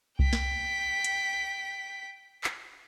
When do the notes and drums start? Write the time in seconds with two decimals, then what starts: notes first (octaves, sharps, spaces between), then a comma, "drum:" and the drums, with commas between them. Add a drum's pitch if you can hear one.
0.19 G5 B6, drum: kick C2
0.33 drum: snare
1.04 drum: hi-hat
2.44 drum: clap